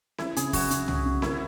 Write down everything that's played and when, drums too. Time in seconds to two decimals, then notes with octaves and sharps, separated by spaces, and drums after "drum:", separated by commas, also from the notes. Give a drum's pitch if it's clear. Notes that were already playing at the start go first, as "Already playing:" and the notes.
0.18 C#4 E4, drum: snare C4
0.36 C#3 G#4, drum: hi-hat
0.53 F#3 F#4, drum: kick F1, open hi-hat
0.71 C#3, drum: hi-hat
0.88 C#4, drum: tom
1.06 C#3
1.22 A#3 E4, drum: snare C4